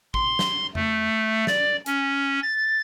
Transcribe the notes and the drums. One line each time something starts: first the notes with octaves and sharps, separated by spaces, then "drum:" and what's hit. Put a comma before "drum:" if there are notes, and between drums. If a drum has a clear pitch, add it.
C6, drum: kick
drum: snare
A3, drum: tom F2
D5, drum: snare
C#4, drum: hi-hat
A6